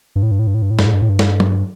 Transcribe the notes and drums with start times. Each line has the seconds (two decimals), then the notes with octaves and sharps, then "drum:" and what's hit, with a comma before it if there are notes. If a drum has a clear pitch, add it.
0.16 G2
0.23 A2
0.31 G2
0.39 A2
0.47 G2
0.54 A2
0.62 G2
0.71 A2
0.79 G2, drum: snare
0.86 A2
0.93 G2
1.02 A2
1.09 G2
1.19 drum: snare
1.40 drum: tom